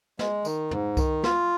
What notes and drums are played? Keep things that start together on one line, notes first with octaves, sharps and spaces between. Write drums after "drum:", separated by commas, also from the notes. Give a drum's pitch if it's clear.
G#3, drum: snare
D#3, drum: tambourine
G#2, drum: tom
D#3, drum: kick C2, tambourine
F4, drum: snare